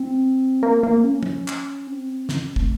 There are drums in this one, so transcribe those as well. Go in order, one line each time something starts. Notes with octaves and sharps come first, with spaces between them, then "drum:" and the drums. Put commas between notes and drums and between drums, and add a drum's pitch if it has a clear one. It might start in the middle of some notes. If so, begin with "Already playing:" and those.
Already playing: C4
A#3
A#3
C#4
drum: tom
drum: clap
C4
C#4, drum: snare
C4
A3, drum: kick